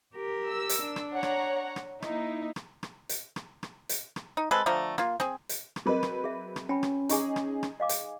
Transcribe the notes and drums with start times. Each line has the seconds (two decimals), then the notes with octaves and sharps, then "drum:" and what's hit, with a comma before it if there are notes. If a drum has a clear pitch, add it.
0.15 G4 A#4
0.50 E6
0.69 drum: hi-hat
0.83 D4
0.96 drum: rim click
1.13 C#5 F#5 A#5
1.23 drum: rim click
1.76 drum: rim click
2.02 A#3 D#4 E4, drum: rim click
2.56 drum: rim click
2.83 drum: rim click
3.09 drum: hi-hat
3.36 drum: rim click
3.63 drum: rim click
3.89 drum: hi-hat
4.16 drum: rim click
4.37 D#4
4.51 G#3 C4 A4 B4
4.66 D3 F3 A3 A#5
4.98 A#3 F4, drum: rim click
5.20 C4 G#4, drum: rim click
5.49 drum: hi-hat
5.76 drum: rim click
5.86 F#3 C4 G#4 A#4 B4 D#5
6.03 drum: rim click
6.24 G#4 E5
6.56 drum: rim click
6.69 C#4 G5 B5
6.83 drum: rim click
7.09 D#4 G#4 A#5 C#6 D6, drum: hi-hat
7.36 drum: rim click
7.63 drum: rim click
7.80 D#5 F5 D6
7.89 drum: hi-hat